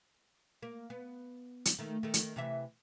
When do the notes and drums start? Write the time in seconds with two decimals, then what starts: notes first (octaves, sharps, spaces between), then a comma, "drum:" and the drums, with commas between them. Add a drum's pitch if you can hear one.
0.63 A#3
0.90 B3
1.65 drum: hi-hat
1.79 D#3 A3
2.03 D#3 A3
2.14 drum: hi-hat
2.36 C3 E3 E5